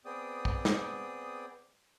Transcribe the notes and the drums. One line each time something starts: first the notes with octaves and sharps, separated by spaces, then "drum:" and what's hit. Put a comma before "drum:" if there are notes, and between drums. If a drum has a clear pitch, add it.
B3 C4 G#4 D5 G5 D#6
drum: kick
drum: snare